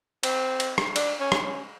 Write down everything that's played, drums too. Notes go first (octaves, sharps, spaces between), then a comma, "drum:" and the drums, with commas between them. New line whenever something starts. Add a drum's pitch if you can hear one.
C4, drum: cymbal
drum: cymbal
drum: rim click
D4, drum: cymbal
C#4
drum: rim click
C#4